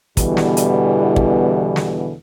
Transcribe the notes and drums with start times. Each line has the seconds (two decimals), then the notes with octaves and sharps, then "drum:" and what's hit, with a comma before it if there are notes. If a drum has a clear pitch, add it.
0.17 E2 B2 D3 E3 G3, drum: kick, hi-hat
0.37 drum: snare
0.57 drum: hi-hat
1.16 drum: kick
1.76 drum: snare